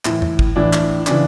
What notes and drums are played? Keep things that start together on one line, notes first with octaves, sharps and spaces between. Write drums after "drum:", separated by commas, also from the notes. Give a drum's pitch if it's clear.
A2 E3 E4, drum: clap
drum: tom E2
drum: kick
A2 E3 D4
drum: clap
C#3 E3 D4, drum: clap